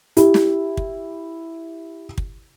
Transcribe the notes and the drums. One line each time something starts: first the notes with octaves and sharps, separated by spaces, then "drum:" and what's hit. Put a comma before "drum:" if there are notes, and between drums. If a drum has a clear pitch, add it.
E4 G4, drum: hi-hat
drum: snare
drum: kick
drum: kick